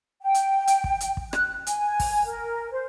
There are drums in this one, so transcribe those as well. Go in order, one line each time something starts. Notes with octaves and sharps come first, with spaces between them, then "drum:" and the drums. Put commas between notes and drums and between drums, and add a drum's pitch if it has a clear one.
G5
drum: hi-hat
drum: hi-hat
drum: kick
drum: hi-hat
drum: kick
F#6, drum: rim click
G#5, drum: hi-hat
drum: kick, open hi-hat
A#4
C5